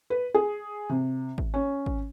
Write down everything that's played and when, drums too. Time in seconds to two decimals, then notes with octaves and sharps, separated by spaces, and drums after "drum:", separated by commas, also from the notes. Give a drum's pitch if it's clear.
0.10 B4
0.34 G#4
0.89 C3
1.38 drum: kick G#1
1.54 C#4
1.86 drum: kick G#1